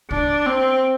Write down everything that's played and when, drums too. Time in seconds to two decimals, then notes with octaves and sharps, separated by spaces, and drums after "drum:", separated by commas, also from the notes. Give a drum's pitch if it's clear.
0.11 D4, drum: kick
0.46 C4